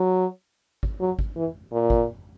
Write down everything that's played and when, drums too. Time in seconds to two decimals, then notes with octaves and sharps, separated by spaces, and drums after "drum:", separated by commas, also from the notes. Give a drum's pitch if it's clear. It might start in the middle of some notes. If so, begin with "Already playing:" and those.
Already playing: F#3
0.83 drum: kick
1.01 F#3
1.19 drum: kick
1.36 E3
1.72 A#2
1.90 drum: kick